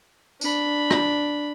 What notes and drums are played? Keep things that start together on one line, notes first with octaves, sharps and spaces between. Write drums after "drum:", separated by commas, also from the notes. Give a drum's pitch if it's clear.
D4 B5, drum: tambourine
drum: rim click